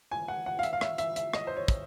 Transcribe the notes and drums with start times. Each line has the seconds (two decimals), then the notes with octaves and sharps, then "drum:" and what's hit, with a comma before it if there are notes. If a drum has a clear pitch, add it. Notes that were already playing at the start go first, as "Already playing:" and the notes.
0.11 G#5
0.28 F#5
0.46 F#5
0.59 F5
0.63 E5, drum: hi-hat
0.73 F5
0.81 E5, drum: rim click
0.98 E5, drum: hi-hat
1.16 E5, drum: hi-hat
1.34 D#5, drum: rim click
1.47 C5
1.57 C#5
1.68 drum: kick, hi-hat